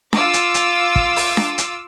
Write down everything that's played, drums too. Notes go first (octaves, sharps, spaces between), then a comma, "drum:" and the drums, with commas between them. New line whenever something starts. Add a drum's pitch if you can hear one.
F4 D6 E6, drum: snare D4
drum: hi-hat
drum: hi-hat
drum: kick
drum: open hi-hat
drum: snare D4
drum: hi-hat